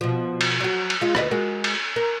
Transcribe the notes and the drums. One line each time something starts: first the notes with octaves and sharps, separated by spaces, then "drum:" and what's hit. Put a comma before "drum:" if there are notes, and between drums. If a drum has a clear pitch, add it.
B2 F3
drum: cymbal
F#3 F#4
drum: cymbal
G#3 F4
D2 B4 D#5, drum: rim click
G#3 F#4 A#4
drum: cymbal
A#4